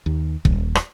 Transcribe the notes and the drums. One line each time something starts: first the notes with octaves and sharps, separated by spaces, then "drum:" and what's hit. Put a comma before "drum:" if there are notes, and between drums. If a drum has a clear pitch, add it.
D#2
D#1, drum: kick
drum: rim click